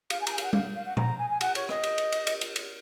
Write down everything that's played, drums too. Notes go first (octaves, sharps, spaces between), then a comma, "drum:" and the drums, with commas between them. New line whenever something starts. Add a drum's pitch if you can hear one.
F5, drum: cymbal
G#5
A#5, drum: cymbal
G#5
F5, drum: cymbal
F#5
F5, drum: tom G3
F5
F#5
A#5, drum: tom
G#5
G#5
F#5, drum: cymbal
C#5, drum: cymbal
D#5, drum: rim click
drum: cymbal
drum: cymbal
drum: cymbal
drum: cymbal
drum: cymbal
drum: cymbal